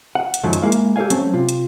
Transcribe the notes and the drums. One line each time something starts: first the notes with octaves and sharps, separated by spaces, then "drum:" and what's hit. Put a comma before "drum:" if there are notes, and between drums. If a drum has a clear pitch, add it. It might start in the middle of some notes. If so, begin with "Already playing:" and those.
F#5
drum: hi-hat
F#2 D#3 F3 F#3 G#3 A3
drum: hi-hat
G#3 A#3 E4 F5
drum: hi-hat
G4 A4 A#4 D5 F5 G#5
F#3 A3 C4 C#4, drum: hi-hat
C3 F4
drum: hi-hat